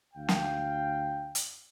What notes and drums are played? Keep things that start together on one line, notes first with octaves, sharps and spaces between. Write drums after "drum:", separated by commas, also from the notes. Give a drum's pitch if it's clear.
D2 F5 G5
drum: snare
drum: hi-hat